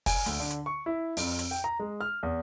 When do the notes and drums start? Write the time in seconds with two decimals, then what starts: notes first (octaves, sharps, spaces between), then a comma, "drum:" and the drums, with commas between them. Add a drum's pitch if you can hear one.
0.06 G#5, drum: kick, open hi-hat
0.26 D2, drum: hi-hat
0.40 D3
0.50 drum: hi-hat
0.66 C#6
0.86 E4
1.17 F2, drum: open hi-hat
1.39 drum: hi-hat
1.51 G5
1.64 A#5
1.80 G#3
2.01 F6
2.23 E2